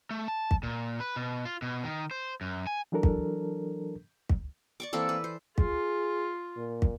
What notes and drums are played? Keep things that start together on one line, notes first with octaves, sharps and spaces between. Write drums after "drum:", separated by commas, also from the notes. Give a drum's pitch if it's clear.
A3
A5
drum: kick
A#2
B4
B2
F4
B2
D#3
C5
F#2
G#5
E3 F#3 D4 A4 A#4
drum: kick
drum: kick
D5 C#6 D6
E3 A#3 C4 A4
B4
C5
F4 G#4, drum: kick
A#2
drum: kick